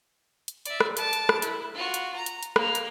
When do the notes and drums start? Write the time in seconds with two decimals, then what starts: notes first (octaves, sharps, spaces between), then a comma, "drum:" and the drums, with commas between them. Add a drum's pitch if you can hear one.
0.48 drum: hi-hat
0.66 D5 E5, drum: hi-hat
0.80 drum: rim click
0.97 A5 D6, drum: hi-hat
1.13 drum: hi-hat
1.29 drum: rim click
1.42 E4, drum: hi-hat
1.75 F4 F#4
1.94 drum: hi-hat
2.16 A#5
2.26 drum: hi-hat
2.43 drum: hi-hat
2.56 A#3, drum: rim click
2.75 drum: hi-hat